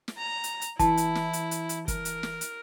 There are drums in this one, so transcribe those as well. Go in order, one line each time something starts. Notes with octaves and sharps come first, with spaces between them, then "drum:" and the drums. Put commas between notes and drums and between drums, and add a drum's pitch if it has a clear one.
drum: snare
A#5
drum: hi-hat
drum: hi-hat
E3 E4 A5, drum: kick, hi-hat
drum: hi-hat
drum: snare
drum: hi-hat
drum: hi-hat
drum: hi-hat
A#4, drum: kick, hi-hat
drum: hi-hat
drum: snare
drum: hi-hat